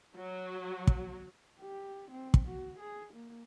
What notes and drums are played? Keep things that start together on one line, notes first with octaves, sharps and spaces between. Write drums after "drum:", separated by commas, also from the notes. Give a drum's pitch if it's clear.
F#3
drum: kick
G4
C4
drum: kick
F#4
G#4
A#3